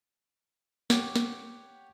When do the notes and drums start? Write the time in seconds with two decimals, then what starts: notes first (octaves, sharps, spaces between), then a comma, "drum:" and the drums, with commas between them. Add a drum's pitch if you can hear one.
0.90 G4 C#5 F#5 D6, drum: snare
1.16 drum: snare